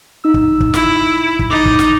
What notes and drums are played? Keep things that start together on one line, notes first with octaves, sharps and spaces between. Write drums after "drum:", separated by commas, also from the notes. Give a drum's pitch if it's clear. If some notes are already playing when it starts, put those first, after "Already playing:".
D#4 E6
drum: kick
drum: kick
E4, drum: snare
drum: kick
D#4 D6 A6
drum: kick
drum: snare